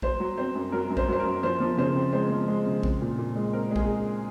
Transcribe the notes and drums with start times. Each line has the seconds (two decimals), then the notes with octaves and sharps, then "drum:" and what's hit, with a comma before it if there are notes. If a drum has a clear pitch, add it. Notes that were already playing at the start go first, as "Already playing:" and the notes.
0.02 F#3 C5, drum: kick A#1
0.20 F#3
0.38 C4 C5
0.55 F#2
0.72 F#3 A#4
0.90 F#2
0.97 C5, drum: kick A#1
1.08 F#3 C5
1.20 A#4
1.25 F#2
1.43 F3 C5
1.60 F3
1.77 C#3 C5
1.96 C4
2.13 G#3 C5
2.30 F3
2.48 G#3
2.66 C#3
2.83 C4, drum: kick A#1
3.01 A#2
3.18 A#2
3.36 G#3
3.53 C4 A#4
3.71 G#3
3.76 G#4, drum: kick A#1